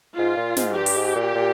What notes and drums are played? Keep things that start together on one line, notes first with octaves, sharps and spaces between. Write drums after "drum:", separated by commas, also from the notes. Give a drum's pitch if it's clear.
G#2 F4
A#2
G#2, drum: snare
G2 G4
drum: open hi-hat
G#2
A#2
A#2